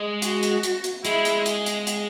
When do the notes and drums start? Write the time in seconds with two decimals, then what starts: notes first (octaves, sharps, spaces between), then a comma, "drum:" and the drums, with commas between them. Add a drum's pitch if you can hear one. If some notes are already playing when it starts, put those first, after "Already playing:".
Already playing: G#3
0.22 F#4, drum: hi-hat
0.43 drum: hi-hat
0.63 drum: hi-hat
0.84 drum: hi-hat
1.05 G#3 E4, drum: hi-hat
1.25 drum: hi-hat
1.46 drum: hi-hat
1.66 drum: hi-hat
1.87 drum: hi-hat